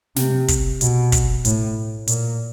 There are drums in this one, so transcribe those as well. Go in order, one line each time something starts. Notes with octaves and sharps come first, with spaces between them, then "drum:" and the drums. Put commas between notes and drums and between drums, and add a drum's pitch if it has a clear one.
C3, drum: snare
drum: kick, hi-hat
B2, drum: hi-hat
drum: kick, hi-hat
A2, drum: hi-hat
A#2, drum: hi-hat